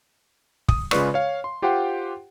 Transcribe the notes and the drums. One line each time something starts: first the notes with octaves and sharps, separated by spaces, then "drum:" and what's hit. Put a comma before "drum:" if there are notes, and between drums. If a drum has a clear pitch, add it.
D#6, drum: kick
C#3 G#3 F4 B4 D5 C#6, drum: rim click
C#5 F5
C6
F4 G4 C5 F#5 G5 C6